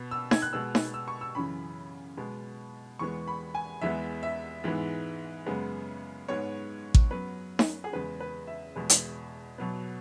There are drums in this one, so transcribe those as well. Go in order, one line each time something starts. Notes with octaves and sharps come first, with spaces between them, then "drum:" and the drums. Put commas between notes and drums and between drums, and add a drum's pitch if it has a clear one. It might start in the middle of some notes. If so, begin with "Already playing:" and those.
Already playing: B2 B3
E6
G#6, drum: snare D#4
F#6
B2 G#3 B3 E6
drum: snare D#4
E6
C#6
E6
F#2 C#3 E3 B5
B2 G#3 B3
E2 E3 G#3 B3 C#6
B5
G#5
E2 E3 G#3 B3 E5
E5
G#2 E3 G#3 B3
F#2 C#3 G#3 B3
G#2 G#3 B3 C#5
drum: kick A1
F#2 F#3 B3 B4
drum: snare D#4
G#4
E2 C#3 G#3 B4
B4
E5
E2 B2 G#3 B3
drum: hi-hat
B2 F#3 B3